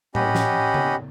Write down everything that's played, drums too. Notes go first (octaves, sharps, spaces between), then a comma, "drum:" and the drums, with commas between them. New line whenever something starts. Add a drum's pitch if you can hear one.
C#4 G4 D#5 F#5 B5, drum: tom A2
drum: snare
drum: tom C#3